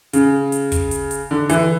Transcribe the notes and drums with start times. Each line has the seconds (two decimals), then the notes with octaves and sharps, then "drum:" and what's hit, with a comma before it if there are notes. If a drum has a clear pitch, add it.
0.13 C#3, drum: hi-hat
0.52 drum: hi-hat
0.72 drum: kick, hi-hat
0.91 drum: hi-hat
1.11 drum: hi-hat
1.31 D3
1.49 E3, drum: hi-hat